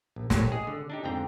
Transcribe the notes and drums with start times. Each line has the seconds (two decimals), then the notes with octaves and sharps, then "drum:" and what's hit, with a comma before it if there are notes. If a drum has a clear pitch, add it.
0.16 A#1
0.30 A#1 A2 G4 A4 C#5 G#5, drum: snare
0.52 G#3 G#4
0.67 D3
0.90 D4 D#4 G4
1.04 F2 G#2 D3 C4 G5 A#5